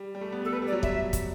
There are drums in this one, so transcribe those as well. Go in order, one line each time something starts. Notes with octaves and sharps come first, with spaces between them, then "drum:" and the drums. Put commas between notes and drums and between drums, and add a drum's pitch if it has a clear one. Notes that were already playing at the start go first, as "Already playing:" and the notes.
Already playing: G3
G3
A3
B3
A3
A4
A3 B4
G3
D5
F#3
E5, drum: kick
drum: kick, hi-hat